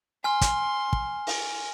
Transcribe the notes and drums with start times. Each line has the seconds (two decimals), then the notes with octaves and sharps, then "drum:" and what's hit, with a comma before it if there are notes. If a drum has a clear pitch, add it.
0.24 G#5 C6 F6
0.41 drum: kick, hi-hat
0.93 drum: kick
1.27 drum: open hi-hat